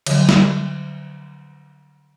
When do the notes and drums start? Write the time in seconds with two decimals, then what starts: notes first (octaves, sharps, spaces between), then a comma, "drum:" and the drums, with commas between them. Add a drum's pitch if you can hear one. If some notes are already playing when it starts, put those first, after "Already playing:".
0.07 D3 F3 F#3, drum: cymbal
0.29 drum: snare